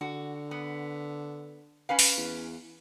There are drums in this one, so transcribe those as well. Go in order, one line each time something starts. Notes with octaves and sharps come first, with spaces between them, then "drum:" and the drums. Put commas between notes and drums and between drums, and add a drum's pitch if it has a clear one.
D3 F#4
B3
C#4 B4 F5
drum: open hi-hat
E2